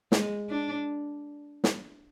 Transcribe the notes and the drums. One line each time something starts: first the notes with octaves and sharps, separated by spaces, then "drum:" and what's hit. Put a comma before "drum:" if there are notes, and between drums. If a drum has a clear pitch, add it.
G#3, drum: snare
D4
drum: snare